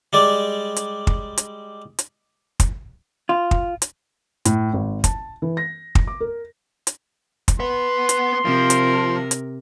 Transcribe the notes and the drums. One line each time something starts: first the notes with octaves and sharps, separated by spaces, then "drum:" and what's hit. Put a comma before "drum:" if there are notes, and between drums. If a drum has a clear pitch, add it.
G3 G#3 D5
drum: hi-hat
drum: kick
drum: hi-hat
drum: hi-hat
drum: kick, hi-hat
F4
drum: kick
drum: hi-hat
A2, drum: hi-hat
G#1
A5, drum: kick, hi-hat
E3
A#6
drum: kick
D6
A#4
drum: hi-hat
drum: kick, hi-hat
B3 B4 C6
drum: hi-hat
C3 F3 A#4
drum: hi-hat
drum: hi-hat